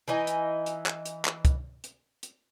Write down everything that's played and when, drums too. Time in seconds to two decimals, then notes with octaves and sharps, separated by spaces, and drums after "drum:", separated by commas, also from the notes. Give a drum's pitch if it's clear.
0.08 E3 D#4 D#5 G#5
0.27 drum: hi-hat
0.66 drum: hi-hat
0.86 drum: clap
1.06 drum: hi-hat
1.25 drum: clap
1.45 drum: kick, hi-hat
1.84 drum: hi-hat
2.23 drum: hi-hat